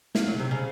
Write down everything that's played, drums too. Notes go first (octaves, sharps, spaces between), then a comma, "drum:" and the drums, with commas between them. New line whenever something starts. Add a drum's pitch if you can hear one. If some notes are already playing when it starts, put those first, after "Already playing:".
A#3, drum: snare
F#3
C#3
C3
C#3